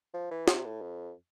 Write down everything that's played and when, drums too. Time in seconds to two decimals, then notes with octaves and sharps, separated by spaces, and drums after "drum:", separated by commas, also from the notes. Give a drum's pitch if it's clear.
0.14 F3
0.31 E3
0.48 C3, drum: snare
0.65 A2
0.81 F2